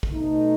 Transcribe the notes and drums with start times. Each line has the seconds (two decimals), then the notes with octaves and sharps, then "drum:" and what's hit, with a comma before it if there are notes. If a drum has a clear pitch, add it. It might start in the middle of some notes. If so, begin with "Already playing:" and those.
0.03 drum: kick
0.13 B2 A3 D#4